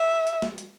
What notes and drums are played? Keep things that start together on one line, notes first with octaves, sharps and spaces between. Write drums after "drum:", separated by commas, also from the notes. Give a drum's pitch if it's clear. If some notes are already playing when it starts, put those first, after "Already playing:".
Already playing: E5
drum: hi-hat
drum: snare
drum: hi-hat